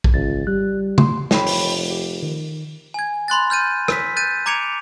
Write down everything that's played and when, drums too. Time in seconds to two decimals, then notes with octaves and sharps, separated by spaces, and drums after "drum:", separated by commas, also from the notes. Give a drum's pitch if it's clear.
0.04 drum: kick
0.14 G#1 C#2 A6
0.47 G3 F#6
0.98 C6, drum: tom
1.31 F1 C#5 G5 B5, drum: snare
1.47 drum: open hi-hat
1.90 G4
2.23 D#3
2.94 G#5 G#6
3.28 B5 C6 F#6 A6
3.50 F6 G6 A6 D#7
3.88 E6 B6, drum: rim click
4.16 F#6 G6 A6 D#7
4.46 A#5 D6 G#6 C#7 D7 F7